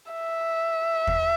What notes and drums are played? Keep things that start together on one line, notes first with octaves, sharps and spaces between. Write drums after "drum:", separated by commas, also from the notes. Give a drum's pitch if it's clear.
E5
drum: kick